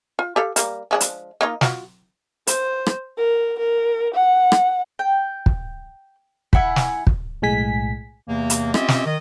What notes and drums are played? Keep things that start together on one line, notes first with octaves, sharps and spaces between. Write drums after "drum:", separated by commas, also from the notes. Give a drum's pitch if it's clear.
F4
G4 A4 F5
G3 A#3, drum: hi-hat
F3 G#3 D4
drum: hi-hat
A#3 D#4 F4
F4 F#4, drum: snare
C5, drum: hi-hat
drum: rim click
A#4
A#4
F#5
drum: rim click
G5
drum: kick
E4 F#5 G#5 B5, drum: kick
drum: snare
drum: kick
B1 A2 G#3 G#5 B6
E2 C3 E3 A#3
drum: hi-hat
C4 C#4 F4 G4 D#5 E5, drum: rim click
drum: snare
D#3 D#5